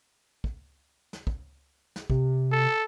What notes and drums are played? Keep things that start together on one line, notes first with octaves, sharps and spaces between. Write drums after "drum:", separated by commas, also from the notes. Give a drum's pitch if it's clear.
drum: kick
drum: snare
drum: kick
drum: snare
C3, drum: kick
A4